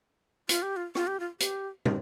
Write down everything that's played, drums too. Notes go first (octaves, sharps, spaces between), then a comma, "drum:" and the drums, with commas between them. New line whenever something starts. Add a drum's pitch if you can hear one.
F4, drum: hi-hat
G4
F4
F4, drum: rim click
G4
F4
G4, drum: hi-hat
drum: tom